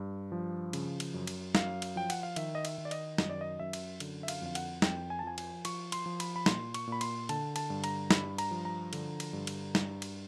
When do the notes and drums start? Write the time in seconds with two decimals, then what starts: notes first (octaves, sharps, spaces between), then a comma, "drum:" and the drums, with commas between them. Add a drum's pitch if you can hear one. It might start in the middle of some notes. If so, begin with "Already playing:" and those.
Already playing: G2
0.32 F3
0.73 C#3, drum: cymbal
1.00 drum: cymbal
1.14 F#2
1.27 drum: cymbal
1.55 F#2 F5, drum: snare
1.82 drum: cymbal
1.96 F3 G5
2.10 F#5, drum: cymbal
2.23 F5
2.36 D#3 E5, drum: cymbal
2.55 D#5
2.65 E5, drum: cymbal
2.78 D#3
2.85 D5
2.91 D#5, drum: cymbal
3.18 F#2 D#5, drum: snare
3.29 D5
3.41 D#5
3.59 F#2 E5
3.73 drum: cymbal
4.00 D3, drum: cymbal
4.23 E5
4.28 F5, drum: cymbal
4.42 F2 F5
4.55 F#5, drum: cymbal
4.82 F2 G5, drum: snare
5.10 G#5
5.19 A5
5.23 F3 G#5
5.38 G#5, drum: cymbal
5.65 F3 C#6, drum: cymbal
5.92 C6, drum: cymbal
6.06 F3
6.20 B5, drum: cymbal
6.36 B5
6.46 A#2 C6, drum: snare
6.74 C#6, drum: cymbal
6.87 A#2 B5
7.01 C6, drum: cymbal
7.29 D3 A5, drum: cymbal
7.56 A5, drum: cymbal
7.70 G2
7.84 A#5, drum: cymbal
8.11 G2 B5, drum: snare
8.38 A#5, drum: cymbal
8.51 F3
8.65 A#5
8.93 D3, drum: cymbal
9.20 drum: cymbal
9.33 G2
9.47 drum: cymbal
9.75 G2, drum: snare
10.02 drum: cymbal